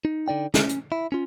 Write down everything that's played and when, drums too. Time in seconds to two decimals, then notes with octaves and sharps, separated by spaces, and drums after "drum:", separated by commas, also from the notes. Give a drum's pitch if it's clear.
0.05 D#4
0.28 D3 D#4 D5 G5
0.54 C#4, drum: snare
0.69 drum: hi-hat
0.92 E4
1.12 C#4 F4